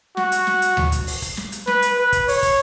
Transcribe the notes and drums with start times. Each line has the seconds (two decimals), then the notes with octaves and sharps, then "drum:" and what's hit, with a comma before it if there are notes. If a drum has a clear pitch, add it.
0.17 F#4, drum: snare
0.32 drum: hi-hat
0.47 drum: snare
0.62 drum: hi-hat
0.77 drum: tom D2
0.92 drum: kick, hi-hat
1.07 drum: open hi-hat
1.22 drum: kick, hi-hat
1.37 drum: snare
1.52 drum: hi-hat
1.67 B4, drum: snare
1.82 drum: hi-hat
1.98 B4
2.12 drum: kick, hi-hat
2.28 C#5, drum: open hi-hat
2.43 drum: kick, hi-hat